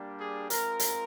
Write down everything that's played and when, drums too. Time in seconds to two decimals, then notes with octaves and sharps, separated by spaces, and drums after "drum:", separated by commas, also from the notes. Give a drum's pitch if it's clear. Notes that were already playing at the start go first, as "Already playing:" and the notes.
Already playing: G3 A#3 D4 G4
0.20 G#4
0.50 G#3 C4 F4 A#4, drum: hi-hat
0.80 drum: hi-hat